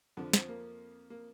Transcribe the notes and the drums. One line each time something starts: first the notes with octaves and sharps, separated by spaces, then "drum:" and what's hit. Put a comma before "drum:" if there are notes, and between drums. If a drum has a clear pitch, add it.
F2 D3 F3 D4
C4, drum: snare
A#3
A#3